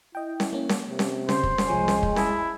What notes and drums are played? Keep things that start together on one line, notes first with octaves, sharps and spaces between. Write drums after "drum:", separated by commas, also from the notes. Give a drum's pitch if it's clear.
E4 D#5 G5
drum: snare C#4
A#3 C#4
drum: snare C#4
C3
drum: snare C#4
C#3 C5, drum: snare C#4
drum: kick
drum: snare C#4
C2 F3 G#3 C#5 G#5
drum: snare C#4
drum: kick
E4 D#5 A5, drum: snare C#4